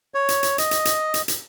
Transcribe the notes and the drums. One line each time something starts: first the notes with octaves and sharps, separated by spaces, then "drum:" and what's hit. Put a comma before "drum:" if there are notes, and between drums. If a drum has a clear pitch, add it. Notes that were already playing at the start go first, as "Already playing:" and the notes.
C#5
drum: hi-hat
drum: hi-hat
D#5, drum: hi-hat
drum: hi-hat
drum: hi-hat
drum: hi-hat
drum: hi-hat